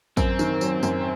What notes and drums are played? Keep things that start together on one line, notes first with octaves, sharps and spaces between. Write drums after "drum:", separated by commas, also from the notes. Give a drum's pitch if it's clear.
F#2 C4, drum: kick, tambourine
D#3, drum: tambourine
F#3, drum: tambourine
F#2, drum: tambourine